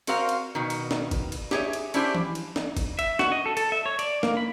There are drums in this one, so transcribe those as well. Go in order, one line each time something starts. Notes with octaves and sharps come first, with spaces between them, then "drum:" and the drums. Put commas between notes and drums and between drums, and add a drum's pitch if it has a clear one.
C4 F#4 A#4 C5 F5, drum: cymbal
drum: cymbal
B2 D#3
drum: cymbal
drum: snare
drum: kick F#1, cymbal
drum: cymbal
G4 G#4 C#5 E5, drum: snare
drum: cymbal
C#4 D4 E4 G4 C5, drum: cymbal
drum: tom E3
drum: cymbal
drum: snare
drum: kick F#1, cymbal
E5, drum: cymbal
F#4, drum: snare
D#5
A4
A4, drum: cymbal
E5
C#5
D5, drum: cymbal
A#3, drum: snare
B5